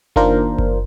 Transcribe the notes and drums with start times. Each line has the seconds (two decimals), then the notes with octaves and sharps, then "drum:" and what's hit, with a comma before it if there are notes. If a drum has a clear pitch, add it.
0.16 D#3 A#3 D4 F4 A#4 C5, drum: kick F#1
0.58 drum: kick F#1